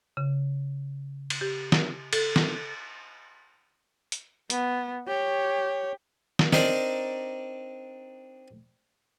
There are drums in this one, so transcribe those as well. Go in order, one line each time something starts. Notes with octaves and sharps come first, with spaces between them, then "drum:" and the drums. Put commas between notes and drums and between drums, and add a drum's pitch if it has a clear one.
C#3
drum: cymbal
G4
drum: snare
A4, drum: cymbal
drum: snare
drum: hi-hat
B3, drum: hi-hat
G4 C#5
drum: snare
C4 D4 D#4 A#4 C5 D5, drum: snare